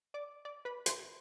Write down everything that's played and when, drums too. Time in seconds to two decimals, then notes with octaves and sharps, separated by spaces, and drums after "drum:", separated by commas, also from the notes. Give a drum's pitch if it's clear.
0.14 D5 D6
0.45 D5 D6
0.65 B4 B5
0.86 C5 C6, drum: hi-hat